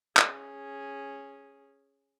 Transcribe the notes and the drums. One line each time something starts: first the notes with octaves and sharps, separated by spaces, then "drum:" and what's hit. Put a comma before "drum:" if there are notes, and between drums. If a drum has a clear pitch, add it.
C#4 G#4, drum: clap